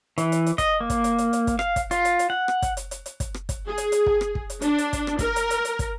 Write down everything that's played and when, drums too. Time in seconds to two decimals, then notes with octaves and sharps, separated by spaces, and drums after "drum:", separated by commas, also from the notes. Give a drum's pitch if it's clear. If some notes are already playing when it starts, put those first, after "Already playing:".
0.18 E3, drum: hi-hat
0.32 drum: hi-hat
0.46 drum: hi-hat
0.58 D#5, drum: kick, hi-hat
0.81 A#3
0.90 drum: kick, hi-hat
1.04 drum: hi-hat
1.18 drum: hi-hat
1.33 drum: hi-hat
1.47 drum: kick, hi-hat
1.59 F5, drum: rim click
1.76 drum: kick, hi-hat
1.91 F4, drum: hi-hat
2.05 drum: hi-hat
2.19 drum: hi-hat
2.30 F#5
2.48 drum: rim click
2.62 drum: kick, hi-hat
2.77 drum: hi-hat
2.91 drum: hi-hat
3.06 drum: hi-hat
3.20 drum: kick, hi-hat
3.34 drum: rim click
3.49 drum: kick, hi-hat
3.68 G#4
3.78 drum: hi-hat
3.92 drum: hi-hat
4.06 drum: kick
4.21 drum: rim click
4.35 drum: kick
4.50 drum: hi-hat
4.62 D4, drum: hi-hat
4.78 drum: hi-hat
4.93 drum: kick, hi-hat
5.07 drum: rim click
5.19 A#4, drum: kick, hi-hat
5.36 drum: hi-hat
5.50 drum: hi-hat
5.65 drum: hi-hat
5.79 drum: kick, hi-hat